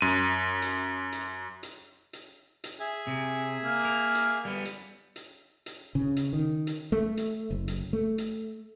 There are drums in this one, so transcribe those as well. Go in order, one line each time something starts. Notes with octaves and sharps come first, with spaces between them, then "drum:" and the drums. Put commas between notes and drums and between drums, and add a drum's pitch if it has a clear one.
F#2 D#7
drum: hi-hat
drum: hi-hat
drum: hi-hat
drum: hi-hat
drum: hi-hat
G#4 E5 G#5
C3
A#3
A#4
drum: hi-hat
G3 B3
drum: hi-hat
drum: hi-hat
drum: hi-hat
C#3
drum: hi-hat
D#3
drum: hi-hat
A3
drum: hi-hat
F#1
drum: hi-hat
A3
drum: hi-hat